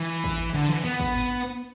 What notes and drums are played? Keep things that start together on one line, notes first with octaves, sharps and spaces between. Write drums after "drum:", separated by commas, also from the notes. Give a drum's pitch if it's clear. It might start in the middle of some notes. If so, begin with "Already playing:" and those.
Already playing: E3
drum: kick
D3
E3
B3
drum: kick
drum: tom G2